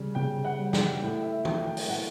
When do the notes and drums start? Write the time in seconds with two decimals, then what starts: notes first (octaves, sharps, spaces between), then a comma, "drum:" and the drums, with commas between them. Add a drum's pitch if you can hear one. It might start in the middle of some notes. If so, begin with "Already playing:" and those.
Already playing: C#3 G3
0.15 C#3 G5
0.45 F#5
0.59 G3
0.73 G5, drum: snare
1.02 A2 G5
1.23 E5
1.45 F#3 G5, drum: tom
1.66 G5
1.77 drum: open hi-hat
1.88 A2 F#5